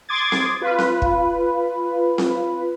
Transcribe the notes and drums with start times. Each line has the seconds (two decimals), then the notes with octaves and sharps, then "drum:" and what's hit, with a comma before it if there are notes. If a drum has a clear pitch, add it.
0.09 C6 D6 D#6 G#6 A6
0.32 drum: snare C4
0.61 F4 B4
0.79 drum: snare C4
1.02 drum: kick
2.18 drum: snare C4